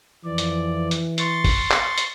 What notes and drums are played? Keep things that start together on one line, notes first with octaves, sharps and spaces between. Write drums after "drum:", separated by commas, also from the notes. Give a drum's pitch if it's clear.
F2 E3 D5
drum: hi-hat
drum: hi-hat
C6 C#6 A6, drum: hi-hat
drum: kick, open hi-hat
drum: clap
drum: hi-hat